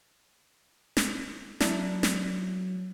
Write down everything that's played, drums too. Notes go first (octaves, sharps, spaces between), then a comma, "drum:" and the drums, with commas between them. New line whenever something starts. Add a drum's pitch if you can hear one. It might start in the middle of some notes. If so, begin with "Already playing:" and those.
drum: snare
F#3 A#3 D4 E4, drum: snare
drum: snare